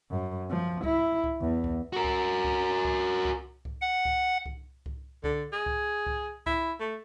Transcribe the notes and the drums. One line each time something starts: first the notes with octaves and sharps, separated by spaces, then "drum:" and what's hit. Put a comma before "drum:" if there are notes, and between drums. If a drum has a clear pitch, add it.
F#2
F3
E4, drum: kick C2
drum: kick C2
E2
drum: kick C2
F#4 A#4
drum: kick C2
drum: kick C2
drum: kick C2
drum: kick C2
drum: kick C2
F#5
drum: kick C2
drum: kick C2
drum: kick C2
D3, drum: kick C2
G#4
drum: kick C2
drum: kick C2
E4, drum: kick C2
A3